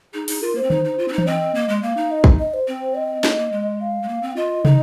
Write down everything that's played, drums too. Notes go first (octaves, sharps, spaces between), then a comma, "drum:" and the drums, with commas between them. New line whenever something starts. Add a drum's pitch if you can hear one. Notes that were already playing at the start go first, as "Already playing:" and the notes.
D#4 G#4
D#4, drum: open hi-hat
F4 A#4
A#3 C5
C4
D#4, drum: tom D3
D#4
F4
C4
D#4
C5, drum: tom E3
C4 D#5
A#3
G#3
A#3 F5
D#4
D#5
drum: kick
D#5
C5
C4
C5
D#5
A#3, drum: snare
A#3
G#3
F5
G#3
A#3
C4
F4 D#5
D#4, drum: tom